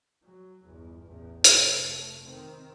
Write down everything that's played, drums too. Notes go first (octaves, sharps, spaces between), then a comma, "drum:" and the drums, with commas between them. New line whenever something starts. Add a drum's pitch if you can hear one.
F#3
G1 E2
A1 E2
F1 A3, drum: hi-hat
D#3 C4